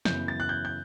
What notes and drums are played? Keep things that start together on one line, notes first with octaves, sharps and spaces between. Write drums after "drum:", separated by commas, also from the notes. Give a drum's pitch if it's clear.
F#2 C#3 E3 B3 G6, drum: snare
A6
F#6
G6
G6